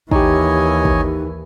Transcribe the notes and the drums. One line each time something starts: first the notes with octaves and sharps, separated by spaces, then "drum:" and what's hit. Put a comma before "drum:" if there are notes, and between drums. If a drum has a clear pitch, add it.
D#2 E3 D#4 G4 C#5 D#5 G#5, drum: kick
drum: kick